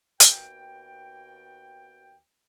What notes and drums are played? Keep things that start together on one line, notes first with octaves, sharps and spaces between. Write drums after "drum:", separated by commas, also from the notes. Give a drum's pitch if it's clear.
D#2 B3 F#4 G5, drum: hi-hat